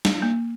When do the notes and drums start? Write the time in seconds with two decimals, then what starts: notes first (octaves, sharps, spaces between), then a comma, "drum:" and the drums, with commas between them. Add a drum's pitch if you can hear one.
0.05 drum: snare
0.22 A#3